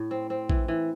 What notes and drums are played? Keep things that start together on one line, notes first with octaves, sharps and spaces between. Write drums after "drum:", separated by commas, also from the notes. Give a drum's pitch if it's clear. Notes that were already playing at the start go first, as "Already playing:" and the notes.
Already playing: A2
C4
C4
E3, drum: kick A#1
E3